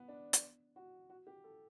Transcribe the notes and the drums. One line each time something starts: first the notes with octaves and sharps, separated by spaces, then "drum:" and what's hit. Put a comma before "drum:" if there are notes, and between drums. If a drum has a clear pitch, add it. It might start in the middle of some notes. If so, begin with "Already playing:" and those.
Already playing: B3
D4
drum: hi-hat
F#4
F#4
G4
A4